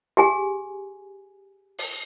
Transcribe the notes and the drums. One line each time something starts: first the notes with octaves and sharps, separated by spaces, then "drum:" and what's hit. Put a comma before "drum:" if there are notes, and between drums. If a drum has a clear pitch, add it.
G4 G#4 G#5
drum: open hi-hat